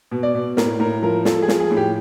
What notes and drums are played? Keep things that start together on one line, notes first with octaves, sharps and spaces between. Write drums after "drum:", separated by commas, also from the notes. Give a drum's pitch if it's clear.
B2
D5
B2
A2 A#4, drum: snare
A2 A#4
F3 A#4
F3 A4, drum: snare
G#4
F3, drum: snare
G#4
A2
G4